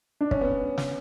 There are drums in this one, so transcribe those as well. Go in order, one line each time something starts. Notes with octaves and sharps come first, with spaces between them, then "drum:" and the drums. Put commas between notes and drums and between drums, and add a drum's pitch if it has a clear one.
D4
C#4, drum: kick
B3
drum: snare